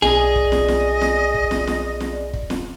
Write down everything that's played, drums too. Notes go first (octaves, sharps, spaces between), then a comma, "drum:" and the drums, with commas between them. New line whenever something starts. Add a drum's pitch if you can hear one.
B1 G#4 D5 D#5, drum: snare
drum: kick
drum: snare
drum: snare
drum: snare
drum: kick
drum: snare
drum: snare
drum: snare
drum: kick
drum: snare